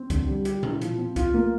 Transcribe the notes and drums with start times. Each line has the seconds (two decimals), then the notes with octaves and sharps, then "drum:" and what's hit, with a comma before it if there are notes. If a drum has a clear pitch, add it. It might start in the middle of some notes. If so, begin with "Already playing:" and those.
Already playing: C4
0.10 D3, drum: kick C2, hi-hat
0.27 G3
0.45 G4, drum: hi-hat
0.63 E4, drum: tom A#2
0.82 F3, drum: hi-hat
0.98 C4
1.16 F4, drum: kick C2, hi-hat
1.34 A#3